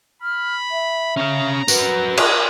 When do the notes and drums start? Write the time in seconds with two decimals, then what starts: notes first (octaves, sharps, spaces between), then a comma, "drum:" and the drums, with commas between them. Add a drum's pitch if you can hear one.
0.22 B5 F6
0.71 E5
1.17 C#4 F5 A#5
1.68 F#4 A#4 B4, drum: tambourine
2.17 A#5, drum: cymbal